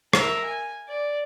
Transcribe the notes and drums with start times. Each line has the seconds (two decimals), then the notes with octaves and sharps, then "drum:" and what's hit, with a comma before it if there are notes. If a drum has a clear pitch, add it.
0.13 A#4 E5, drum: rim click
0.44 G#5
0.89 D5